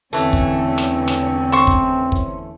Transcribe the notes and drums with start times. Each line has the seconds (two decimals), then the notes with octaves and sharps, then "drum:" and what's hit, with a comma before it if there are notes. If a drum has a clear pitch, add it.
0.13 E2 D3 E3 A3 C4 C#4
0.33 drum: kick
0.78 drum: snare
1.08 drum: snare
1.52 C5 C#6
1.67 drum: kick
2.12 drum: kick